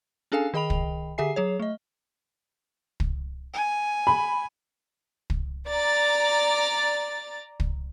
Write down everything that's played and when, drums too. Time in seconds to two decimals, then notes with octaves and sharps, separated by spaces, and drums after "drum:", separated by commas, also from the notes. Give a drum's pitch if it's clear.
0.32 C#4 D4 G#4 A4 F5 G#5
0.54 D#3 G#4 D#5 G5 B5 F7
0.70 drum: kick
1.18 D3 G4 G#4 E5 G#5 C7
1.36 F#3 G#4 C#5
1.59 A3 D#5
3.00 drum: kick
3.54 G#5
4.07 B5
5.30 drum: kick
5.68 D5 A#5 A6
7.60 drum: kick